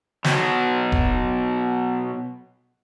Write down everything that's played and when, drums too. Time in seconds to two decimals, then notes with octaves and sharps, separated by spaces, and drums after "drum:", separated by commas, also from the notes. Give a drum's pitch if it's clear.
0.24 B2 F#3, drum: snare
0.92 drum: kick E1